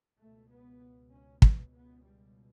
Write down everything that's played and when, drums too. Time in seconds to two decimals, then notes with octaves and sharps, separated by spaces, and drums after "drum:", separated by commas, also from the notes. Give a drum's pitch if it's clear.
0.21 C#2 B2 A3
0.50 B3
1.13 C#4
1.42 B3, drum: kick
1.74 B3
2.03 G3